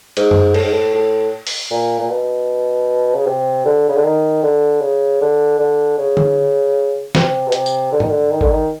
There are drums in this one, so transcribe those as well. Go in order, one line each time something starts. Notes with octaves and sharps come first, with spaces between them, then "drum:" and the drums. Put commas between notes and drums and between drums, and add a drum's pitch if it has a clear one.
G#2, drum: cymbal
drum: tom F#2
A2, drum: cymbal
G#2
A2
A2
drum: open hi-hat
A#2
A#2
B2
C#3
C3
D3
C#3
D3
D#3
D3
C#3
D3
D3
C#3
drum: tom D3
C3, drum: snare
B2
C3, drum: hi-hat
drum: tambourine
D3
D#3, drum: tom G#2
D3
D#3
D3, drum: kick G#1
D#3